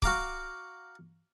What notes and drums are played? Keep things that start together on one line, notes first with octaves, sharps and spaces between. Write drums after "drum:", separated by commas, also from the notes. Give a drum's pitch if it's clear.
F#4 F5 A#5 D6, drum: kick